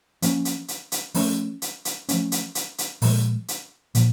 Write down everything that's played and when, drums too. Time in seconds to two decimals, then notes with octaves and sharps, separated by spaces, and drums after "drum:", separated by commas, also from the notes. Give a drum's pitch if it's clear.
0.22 F3 A#3 C#4, drum: hi-hat
0.45 drum: hi-hat
0.68 drum: hi-hat
0.92 drum: hi-hat
1.14 F3 A3 C#4, drum: open hi-hat
1.62 drum: hi-hat
1.85 drum: hi-hat
2.09 F3 A3 C#4, drum: hi-hat
2.32 drum: hi-hat
2.55 drum: hi-hat
2.78 drum: hi-hat
3.02 A#2 F3 G#3, drum: open hi-hat
3.48 drum: hi-hat
3.95 A#2 F3, drum: hi-hat